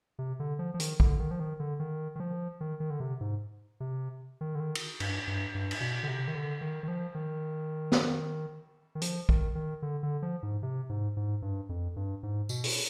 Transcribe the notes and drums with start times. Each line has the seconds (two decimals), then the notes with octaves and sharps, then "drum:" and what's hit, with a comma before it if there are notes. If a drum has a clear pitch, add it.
0.19 C3
0.40 D3
0.59 F3
0.74 F3
0.80 D#3, drum: hi-hat
1.00 D3, drum: kick
1.19 D#3
1.31 F3
1.40 D#3
1.60 D3
1.80 D#3
2.16 D#3
2.20 F3
2.61 D#3
2.80 D#3
2.90 D3
3.00 C3
3.21 G#2
3.80 C3
4.41 D#3
4.55 D3
4.60 D#3
4.75 drum: cymbal
5.00 G2, drum: cymbal
5.27 G2
5.55 G2
5.71 drum: cymbal
5.81 B2
6.03 D3
6.08 C3
6.28 D#3
6.35 D3
6.61 D#3
6.83 D#3
6.88 F3
7.15 D#3
7.92 drum: snare
8.95 D#3
9.01 F3, drum: hi-hat
9.29 D#3, drum: kick
9.55 D#3
9.82 D3
10.03 D3
10.22 F3
10.43 G#2
10.63 C3
10.90 G#2
11.17 G#2
11.42 G2
11.69 F2
11.96 G2
12.23 G#2
12.49 B2, drum: tambourine
12.64 drum: open hi-hat